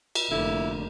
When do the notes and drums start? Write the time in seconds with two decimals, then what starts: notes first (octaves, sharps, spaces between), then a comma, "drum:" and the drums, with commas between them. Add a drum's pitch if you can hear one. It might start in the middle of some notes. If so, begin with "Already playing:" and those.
0.15 drum: cymbal
0.31 F1 D3 A#3 E4